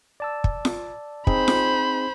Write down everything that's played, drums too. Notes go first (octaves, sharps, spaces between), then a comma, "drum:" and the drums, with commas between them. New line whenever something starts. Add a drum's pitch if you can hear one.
D5 A5 E6
drum: kick
drum: snare F4
C4 D#4 G#4 C5 B5, drum: kick
drum: snare F4